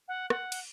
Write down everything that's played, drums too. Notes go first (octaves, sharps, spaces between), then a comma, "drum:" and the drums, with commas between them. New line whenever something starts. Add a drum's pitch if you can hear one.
F#5
F#5, drum: rim click
drum: cymbal